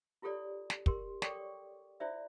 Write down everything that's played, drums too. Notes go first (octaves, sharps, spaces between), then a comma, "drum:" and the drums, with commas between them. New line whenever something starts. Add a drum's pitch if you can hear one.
E4 F4 G4 A4 C#5 D5
drum: snare
G4 A#4 C6, drum: kick
A4 C#5 D5 G5 C#6 D6, drum: snare
E4 F4 C5 D5 E5